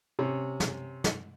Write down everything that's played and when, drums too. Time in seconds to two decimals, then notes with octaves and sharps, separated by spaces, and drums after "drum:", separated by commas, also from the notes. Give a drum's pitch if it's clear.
0.19 C3 C#4
0.60 drum: snare
1.04 drum: snare